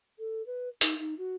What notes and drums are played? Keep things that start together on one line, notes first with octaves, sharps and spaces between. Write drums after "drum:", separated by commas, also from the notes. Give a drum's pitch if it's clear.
A4
B4
D#4, drum: hi-hat
D#4
F#4